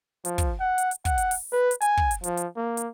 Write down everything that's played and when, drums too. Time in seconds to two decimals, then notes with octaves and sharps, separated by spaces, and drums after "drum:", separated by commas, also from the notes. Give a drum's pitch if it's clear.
0.25 F3, drum: hi-hat
0.38 drum: kick, hi-hat
0.60 F#5
0.78 drum: hi-hat
0.91 drum: hi-hat
1.05 F#5, drum: kick, hi-hat
1.18 drum: hi-hat
1.31 drum: open hi-hat
1.52 B4
1.71 drum: hi-hat
1.81 G#5, drum: hi-hat
1.97 drum: kick
2.11 drum: hi-hat
2.24 F3, drum: hi-hat
2.37 drum: hi-hat
2.57 A#3
2.77 drum: hi-hat